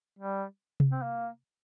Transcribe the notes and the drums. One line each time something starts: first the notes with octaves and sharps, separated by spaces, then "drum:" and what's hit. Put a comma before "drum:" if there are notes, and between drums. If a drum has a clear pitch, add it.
G3
drum: tom C3
C4
A#3